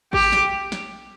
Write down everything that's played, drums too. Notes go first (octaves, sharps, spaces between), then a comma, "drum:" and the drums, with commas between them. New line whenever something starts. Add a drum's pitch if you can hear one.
G4, drum: kick A1
drum: snare
drum: snare